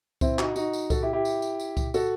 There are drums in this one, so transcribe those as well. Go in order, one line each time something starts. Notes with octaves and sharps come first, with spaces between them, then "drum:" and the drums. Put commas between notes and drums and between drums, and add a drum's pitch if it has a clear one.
C4 E4, drum: kick C2, tambourine
D#4 F#4, drum: clap
D#4 F#4, drum: tambourine
drum: tambourine
F#4 A4, drum: kick C2, tambourine
E4 G4
E4 G4
drum: tambourine
drum: tambourine
drum: tambourine
drum: kick C2, tambourine
F#4 A4, drum: tambourine